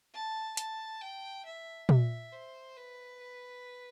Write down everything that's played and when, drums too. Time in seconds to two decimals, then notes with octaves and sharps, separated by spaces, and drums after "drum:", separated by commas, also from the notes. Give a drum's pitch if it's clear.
0.14 A5
0.57 A5, drum: hi-hat
1.01 G5
1.45 E5
1.89 E5, drum: tom A#2
2.32 C5
2.76 B4